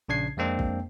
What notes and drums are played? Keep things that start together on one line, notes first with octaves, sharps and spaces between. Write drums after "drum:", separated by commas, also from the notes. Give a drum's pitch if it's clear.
A#1 C#3 D4 G#6 C7
F2 G#3 A#3 C4 D4
drum: kick A1